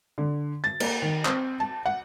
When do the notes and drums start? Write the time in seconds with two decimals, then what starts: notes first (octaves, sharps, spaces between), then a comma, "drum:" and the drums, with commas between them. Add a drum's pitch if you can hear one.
0.18 D3
0.64 A6
0.80 A#3, drum: cymbal
1.02 D#3
1.25 C4, drum: clap
1.60 A5
1.86 F#5